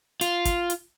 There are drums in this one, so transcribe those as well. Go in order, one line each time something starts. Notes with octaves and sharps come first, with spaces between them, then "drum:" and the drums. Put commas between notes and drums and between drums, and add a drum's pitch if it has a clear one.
F4, drum: hi-hat
drum: kick, hi-hat
drum: hi-hat